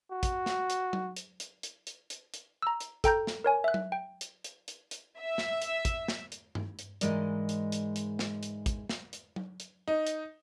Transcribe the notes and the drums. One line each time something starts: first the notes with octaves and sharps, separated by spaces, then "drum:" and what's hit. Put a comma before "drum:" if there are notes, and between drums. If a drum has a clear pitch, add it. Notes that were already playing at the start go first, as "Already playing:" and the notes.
F#4
drum: kick, hi-hat
drum: snare
drum: hi-hat
drum: tom F#3
drum: hi-hat
drum: hi-hat
drum: hi-hat
drum: hi-hat
drum: hi-hat
drum: hi-hat
A#5 E6
drum: hi-hat
A4 G5 A#5 G6, drum: kick, hi-hat
drum: snare
A#4 C#5 G#5
E5 F#6
drum: tom F#3
G5
drum: hi-hat
drum: hi-hat
drum: hi-hat
drum: hi-hat
E5
drum: snare
drum: hi-hat
drum: kick, hi-hat
drum: snare
drum: hi-hat
drum: tom G2
drum: hi-hat
G#2 E3 G#3 A#4 D5 D#5, drum: hi-hat
drum: hi-hat
drum: hi-hat
drum: hi-hat
drum: snare
drum: hi-hat
drum: kick, hi-hat
drum: snare
drum: hi-hat
drum: tom F#3
drum: hi-hat
D#4
drum: hi-hat